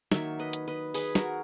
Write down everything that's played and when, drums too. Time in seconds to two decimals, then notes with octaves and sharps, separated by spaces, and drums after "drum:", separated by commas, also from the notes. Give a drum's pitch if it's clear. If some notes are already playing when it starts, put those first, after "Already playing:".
0.12 D#3 F#3 A#3 C#5 E5, drum: snare
0.39 B4 D#5
0.53 drum: hi-hat
0.68 B4 D#5
0.94 G#4 B4, drum: open hi-hat
1.15 F#4 A#4, drum: snare